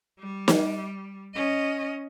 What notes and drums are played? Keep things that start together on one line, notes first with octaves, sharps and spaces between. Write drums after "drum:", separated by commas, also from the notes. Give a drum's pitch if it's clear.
G3
drum: snare
C#4 D#5